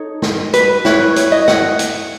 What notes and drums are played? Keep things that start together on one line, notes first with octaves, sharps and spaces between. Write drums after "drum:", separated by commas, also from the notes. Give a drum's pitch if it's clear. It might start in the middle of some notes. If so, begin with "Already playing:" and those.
Already playing: D#4 A4 C#5
drum: snare
B4, drum: hi-hat
E4 B4 C#5, drum: snare
C#5, drum: hi-hat
D#5
F#5, drum: snare
drum: hi-hat